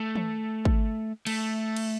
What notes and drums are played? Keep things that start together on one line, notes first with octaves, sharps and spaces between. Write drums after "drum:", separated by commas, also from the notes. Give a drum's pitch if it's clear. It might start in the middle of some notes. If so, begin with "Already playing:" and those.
Already playing: A3
drum: tom
drum: kick
A3, drum: cymbal
drum: cymbal